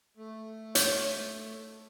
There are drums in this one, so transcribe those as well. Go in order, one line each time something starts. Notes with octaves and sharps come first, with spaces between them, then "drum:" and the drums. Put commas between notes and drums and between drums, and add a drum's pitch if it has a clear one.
A3
C#5, drum: hi-hat